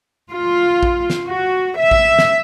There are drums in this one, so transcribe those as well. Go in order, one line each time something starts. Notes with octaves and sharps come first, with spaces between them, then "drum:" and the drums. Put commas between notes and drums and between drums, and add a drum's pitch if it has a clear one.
F4
drum: kick A#1
drum: snare
F#4
E5
drum: kick A#1
drum: snare